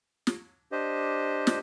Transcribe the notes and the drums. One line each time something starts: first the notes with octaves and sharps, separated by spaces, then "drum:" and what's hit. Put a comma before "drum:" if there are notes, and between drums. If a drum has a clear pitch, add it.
drum: snare
D4 G4 C5 D#5
drum: snare